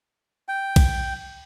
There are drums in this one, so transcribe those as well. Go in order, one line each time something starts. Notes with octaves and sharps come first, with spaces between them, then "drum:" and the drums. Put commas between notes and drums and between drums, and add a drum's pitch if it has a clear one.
G5
drum: kick A#1, cymbal